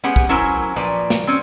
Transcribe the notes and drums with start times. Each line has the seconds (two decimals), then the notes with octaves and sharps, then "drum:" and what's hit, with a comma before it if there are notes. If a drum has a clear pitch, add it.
0.03 G#3 B3 C#4 G4 G#4 F#5
0.16 drum: kick
0.29 F#3 C#4 E4 A#4 C5 G#5
0.76 A#2 F3 A#3 B4 D5
1.10 drum: snare
1.27 C4 C#4